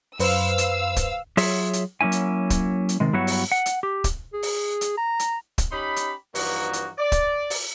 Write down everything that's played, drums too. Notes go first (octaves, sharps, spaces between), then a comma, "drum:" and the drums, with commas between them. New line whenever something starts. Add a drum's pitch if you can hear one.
F#2 B4 C5 F5 E6, drum: open hi-hat
drum: hi-hat
drum: kick, hi-hat
F#3 F4 G#4 C#5 E5, drum: open hi-hat
drum: hi-hat
F#3 A#3 C#4 E4 G#5
drum: hi-hat
drum: kick, hi-hat
drum: hi-hat
C3 D#3 G#3
G2 F#3 B3 E4 F#4 C#5
drum: open hi-hat
F#5
drum: hi-hat
G4
drum: kick, hi-hat
G#4
drum: open hi-hat
drum: hi-hat
A#5
drum: hi-hat
drum: kick, hi-hat
C#4 D#4 G4 B5
drum: hi-hat
G2 E3 F3 A#3 D#4 F#4, drum: open hi-hat
drum: hi-hat
D5
drum: kick, hi-hat
drum: open hi-hat